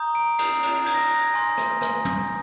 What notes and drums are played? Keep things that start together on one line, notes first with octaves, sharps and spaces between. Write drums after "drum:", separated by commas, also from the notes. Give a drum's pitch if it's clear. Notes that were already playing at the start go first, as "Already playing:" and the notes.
Already playing: A#5 D#6 G6
D7
A#5 D#6 G6 C7, drum: cymbal
drum: cymbal
A#5 D#6 G6 G#6, drum: cymbal
A#6
G#6
G#5 C6 G6
drum: rim click
G#5 C6 G6, drum: rim click
drum: tom